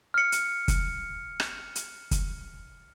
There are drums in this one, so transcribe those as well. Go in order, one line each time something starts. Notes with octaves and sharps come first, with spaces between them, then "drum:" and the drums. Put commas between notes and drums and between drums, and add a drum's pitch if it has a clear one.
F6 C#7
drum: hi-hat
drum: kick, hi-hat
drum: rim click
drum: hi-hat
drum: kick, hi-hat